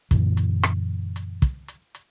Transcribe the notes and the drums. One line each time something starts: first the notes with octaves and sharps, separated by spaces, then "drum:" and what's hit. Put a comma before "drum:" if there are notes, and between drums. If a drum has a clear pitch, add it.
F#2 A#2 D3 E3, drum: kick, hi-hat
drum: hi-hat
drum: rim click
drum: hi-hat
drum: kick, hi-hat
drum: hi-hat
drum: hi-hat